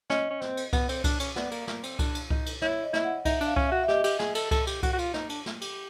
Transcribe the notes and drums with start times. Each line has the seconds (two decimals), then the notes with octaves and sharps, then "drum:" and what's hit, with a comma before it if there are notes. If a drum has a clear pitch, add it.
0.10 C#4 D#5, drum: snare
0.31 C#4
0.41 C4, drum: snare
0.57 drum: cymbal
0.73 B3, drum: kick C2, cymbal
0.89 C4, drum: cymbal
1.04 D4, drum: kick C2, cymbal
1.20 C#4, drum: cymbal
1.36 B3 D5, drum: snare
1.51 A#3, drum: cymbal
1.67 A#3, drum: snare
1.83 C4, drum: cymbal
1.99 D4, drum: kick C2, cymbal
2.15 drum: cymbal
2.30 D#4, drum: kick C2
2.46 drum: cymbal
2.61 E4 C#5, drum: snare
2.83 D#5
2.93 E4, drum: snare
3.04 F#5
3.25 D#4 E5, drum: kick C2, cymbal
3.41 D4, drum: cymbal
3.46 F5
3.56 C#4, drum: kick C2
3.67 F#4 E5
3.84 E5
3.88 G4 D#5, drum: snare
4.04 G4, drum: cymbal
4.19 G#4, drum: snare
4.35 A4, drum: cymbal
4.51 A4, drum: kick C2, cymbal
4.67 G4, drum: cymbal
4.83 F#4, drum: kick C2, cymbal
4.93 F#4
4.98 F4, drum: cymbal
5.14 D#4, drum: snare
5.29 D4, drum: cymbal
5.46 drum: snare
5.61 G4, drum: cymbal